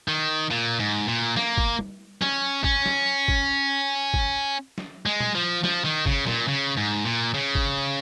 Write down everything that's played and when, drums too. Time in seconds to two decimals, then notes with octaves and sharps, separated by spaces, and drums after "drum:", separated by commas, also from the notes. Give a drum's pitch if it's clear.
0.08 D#3
0.51 A#2
0.80 G#2
1.07 A#2
1.36 A#3, drum: snare
1.57 drum: kick
1.79 drum: tom G3
2.22 C#4, drum: snare
2.64 C#4, drum: kick
2.86 drum: snare
3.28 drum: kick
4.14 drum: kick
4.78 drum: snare
5.06 G#3
5.20 drum: tom A#2
5.35 F3
5.64 F3, drum: snare
5.85 D#3
6.06 C#3, drum: kick
6.27 A#2, drum: snare
6.48 C#3
6.77 G#2
7.05 A#2
7.34 C#3
7.55 drum: kick